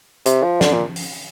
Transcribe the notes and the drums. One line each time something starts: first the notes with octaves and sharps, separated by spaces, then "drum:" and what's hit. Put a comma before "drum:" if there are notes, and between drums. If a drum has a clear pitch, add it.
C3, drum: hi-hat
F3
D3, drum: snare
A#2
drum: open hi-hat